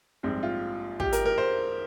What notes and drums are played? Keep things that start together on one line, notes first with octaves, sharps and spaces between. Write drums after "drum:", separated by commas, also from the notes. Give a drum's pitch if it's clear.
A#1 G#2 G3 C4
F4
G4, drum: kick
A#4, drum: hi-hat
A#4
C5